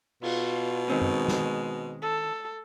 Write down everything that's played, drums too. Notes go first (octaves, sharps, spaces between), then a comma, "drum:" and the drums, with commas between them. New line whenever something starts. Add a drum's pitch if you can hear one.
B2 F4, drum: cymbal
D#3 G#3 C4 C#4
drum: tom F#2
drum: snare
A4